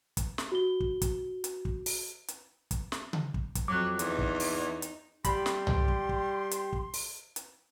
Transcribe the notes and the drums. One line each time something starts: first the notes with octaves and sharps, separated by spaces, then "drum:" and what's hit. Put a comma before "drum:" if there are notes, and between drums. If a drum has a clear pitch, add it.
drum: kick, hi-hat
drum: snare
F#4 G7
drum: kick
drum: kick, hi-hat
drum: hi-hat
drum: kick
drum: open hi-hat
drum: hi-hat
drum: kick, hi-hat
drum: snare
drum: tom C#3
drum: kick
drum: kick, hi-hat
F2 F#3 D6 F#6
E2 D#4, drum: hi-hat
drum: kick
drum: open hi-hat
drum: hi-hat
G3 G4 B5 C6, drum: kick, hi-hat
drum: snare
drum: tom C2
drum: kick
drum: kick
drum: hi-hat
drum: kick
drum: open hi-hat
drum: hi-hat